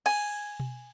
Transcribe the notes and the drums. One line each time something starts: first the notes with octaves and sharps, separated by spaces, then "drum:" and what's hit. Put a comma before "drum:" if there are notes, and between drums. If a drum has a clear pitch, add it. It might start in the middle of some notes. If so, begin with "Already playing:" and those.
G#5, drum: cymbal
drum: tom B2